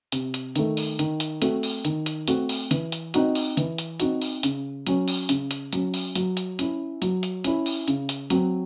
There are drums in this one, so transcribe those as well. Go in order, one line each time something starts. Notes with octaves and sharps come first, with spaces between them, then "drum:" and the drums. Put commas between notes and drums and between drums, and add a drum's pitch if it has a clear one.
C3, drum: hi-hat
drum: hi-hat
D#3 A3, drum: hi-hat
drum: open hi-hat
D#3, drum: hi-hat
drum: hi-hat
A3 C4 F#4, drum: hi-hat
drum: open hi-hat
D#3, drum: hi-hat
drum: hi-hat
A3 C4 F#4, drum: hi-hat
drum: open hi-hat
E3, drum: hi-hat
drum: hi-hat
C4 D#4 F#4, drum: hi-hat
drum: open hi-hat
E3, drum: hi-hat
drum: hi-hat
C4 D#4 F#4, drum: hi-hat
drum: open hi-hat
C#3, drum: hi-hat
F#3 C#4, drum: hi-hat
drum: open hi-hat
C#3, drum: hi-hat
drum: hi-hat
F#3 C#4, drum: hi-hat
drum: open hi-hat
F#3, drum: hi-hat
drum: hi-hat
C#4 E4, drum: hi-hat
F#3, drum: hi-hat
drum: hi-hat
C#4 E4, drum: hi-hat
drum: open hi-hat
C#3, drum: hi-hat
drum: hi-hat
F#3 C4, drum: hi-hat